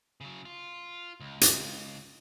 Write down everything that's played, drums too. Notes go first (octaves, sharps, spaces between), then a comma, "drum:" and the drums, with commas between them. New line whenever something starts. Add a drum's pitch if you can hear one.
C#3 F#3
F4
C#2
drum: hi-hat